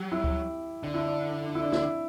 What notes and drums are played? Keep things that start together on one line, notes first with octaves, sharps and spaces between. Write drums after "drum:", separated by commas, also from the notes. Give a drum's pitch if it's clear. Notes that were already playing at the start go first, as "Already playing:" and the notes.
Already playing: F#3 G4
E4
drum: kick D2
D3 D4
E4
D4
E4
D4
E4, drum: snare